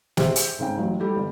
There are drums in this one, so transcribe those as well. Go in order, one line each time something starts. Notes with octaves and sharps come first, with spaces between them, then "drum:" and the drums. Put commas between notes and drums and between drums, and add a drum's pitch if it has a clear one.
G4 G#4 C5 E5, drum: snare
drum: hi-hat
G#2 C#3 G5
A1 F#3
G3 G4 A4
G1